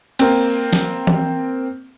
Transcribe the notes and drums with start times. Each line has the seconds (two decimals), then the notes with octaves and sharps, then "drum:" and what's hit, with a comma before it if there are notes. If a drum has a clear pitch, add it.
0.19 A#3 C4, drum: cymbal
0.73 drum: snare
1.07 drum: tom E3